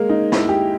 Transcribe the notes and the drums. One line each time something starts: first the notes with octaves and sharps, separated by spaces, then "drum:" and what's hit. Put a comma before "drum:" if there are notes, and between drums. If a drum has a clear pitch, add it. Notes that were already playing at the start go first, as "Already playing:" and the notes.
Already playing: G#3 A#3
D#4
E4, drum: snare
G4